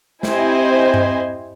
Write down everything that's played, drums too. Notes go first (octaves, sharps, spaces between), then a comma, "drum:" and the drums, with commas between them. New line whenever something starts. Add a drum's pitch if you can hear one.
C4 E4 G4 C5 D#5 G#5, drum: snare
drum: tom G2